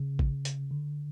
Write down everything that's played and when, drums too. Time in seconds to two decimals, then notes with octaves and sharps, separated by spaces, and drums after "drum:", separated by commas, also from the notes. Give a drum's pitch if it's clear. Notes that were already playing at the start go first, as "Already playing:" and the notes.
Already playing: C#3
0.19 drum: kick A1
0.45 drum: hi-hat
0.71 D3